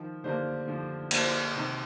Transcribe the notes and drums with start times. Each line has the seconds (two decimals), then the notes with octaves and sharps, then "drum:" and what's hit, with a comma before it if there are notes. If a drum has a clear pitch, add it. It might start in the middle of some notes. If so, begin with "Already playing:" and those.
Already playing: D#3 F3
0.24 D3 A#3 D4 G4 C5
0.68 D3 F3
1.11 A#3 D4 G4 C5, drum: cymbal
1.56 C3 D#3